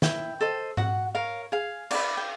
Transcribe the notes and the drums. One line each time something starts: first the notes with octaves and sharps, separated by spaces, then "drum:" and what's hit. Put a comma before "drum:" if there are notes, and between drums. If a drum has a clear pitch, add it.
E4 G5, drum: snare
A4 C5 D#5
F#4 F#5, drum: tom G#2
A#4 C#5 F5
G#4 F5
B4 D5, drum: cymbal
G5